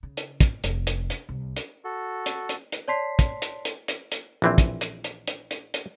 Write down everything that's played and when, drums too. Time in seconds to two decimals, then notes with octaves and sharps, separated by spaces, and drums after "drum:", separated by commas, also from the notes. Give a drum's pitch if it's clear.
0.03 C#3
0.17 drum: hi-hat
0.41 drum: kick, hi-hat
0.64 F1, drum: hi-hat
0.87 drum: hi-hat
1.10 drum: hi-hat
1.29 C2
1.56 drum: hi-hat
1.84 F#4 A4
2.26 drum: hi-hat
2.49 drum: hi-hat
2.72 drum: hi-hat
2.88 C#5 D5 A5 C6 B6 C7
3.19 drum: kick, hi-hat
3.42 drum: hi-hat
3.65 drum: hi-hat
3.88 drum: hi-hat
4.12 drum: hi-hat
4.42 A#1 E3 C4
4.58 drum: kick, hi-hat
4.81 drum: hi-hat
5.04 drum: hi-hat
5.28 drum: hi-hat
5.51 drum: hi-hat
5.74 drum: hi-hat